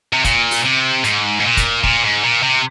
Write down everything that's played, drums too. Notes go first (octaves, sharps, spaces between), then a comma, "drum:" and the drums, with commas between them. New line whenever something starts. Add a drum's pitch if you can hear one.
C3
A#2, drum: kick, hi-hat
drum: open hi-hat
C3
G#2, drum: hi-hat
G#2
A#2
drum: kick, hi-hat
A#2, drum: kick
G#2
A#2
C3